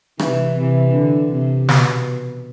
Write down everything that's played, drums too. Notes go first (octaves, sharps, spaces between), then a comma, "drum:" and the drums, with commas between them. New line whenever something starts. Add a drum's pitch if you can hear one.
C3 E3, drum: rim click
C3 E3
D3
C3
B2, drum: snare